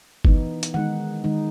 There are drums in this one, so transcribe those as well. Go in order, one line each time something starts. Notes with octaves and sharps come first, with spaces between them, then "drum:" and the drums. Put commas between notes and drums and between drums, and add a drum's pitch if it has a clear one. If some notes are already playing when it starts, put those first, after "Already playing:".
E3 B3 D#4, drum: kick G1
drum: hi-hat
D#3 G#3 D#4 F#5
D#3 G#3 D#4